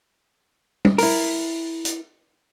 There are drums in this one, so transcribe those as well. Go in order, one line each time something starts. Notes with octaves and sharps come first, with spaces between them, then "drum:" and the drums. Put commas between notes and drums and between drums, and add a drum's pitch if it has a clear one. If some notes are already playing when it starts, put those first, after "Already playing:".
drum: tom
E4 A#4, drum: open hi-hat
drum: hi-hat